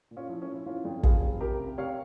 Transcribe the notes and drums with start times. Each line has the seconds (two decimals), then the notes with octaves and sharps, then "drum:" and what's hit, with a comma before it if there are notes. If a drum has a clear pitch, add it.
0.11 A#2
0.17 C#4 F4
0.29 F3 E4
0.42 C#4
0.47 F3
0.54 E4
0.66 E3 C#4 F4
0.85 F2
1.03 F1 F4 G#4, drum: kick
1.22 F1
1.41 C3 G4 A#4
1.59 C3
1.78 C3 C#5 F5